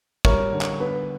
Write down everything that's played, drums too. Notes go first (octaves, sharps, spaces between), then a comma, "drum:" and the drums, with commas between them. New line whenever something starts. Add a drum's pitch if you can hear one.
G3 A#4 C#5, drum: kick
D3
drum: clap
B3 B4